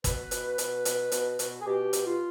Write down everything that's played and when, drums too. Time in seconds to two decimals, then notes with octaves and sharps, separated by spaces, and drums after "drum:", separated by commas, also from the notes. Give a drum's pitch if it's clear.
0.04 B2 B4, drum: kick G1, hi-hat
0.31 B2, drum: hi-hat
0.58 B2, drum: hi-hat
0.85 B2, drum: hi-hat
1.12 B2, drum: hi-hat
1.39 B2, drum: hi-hat
1.61 G#4
1.66 B2 G4
1.93 B2, drum: hi-hat
2.06 F4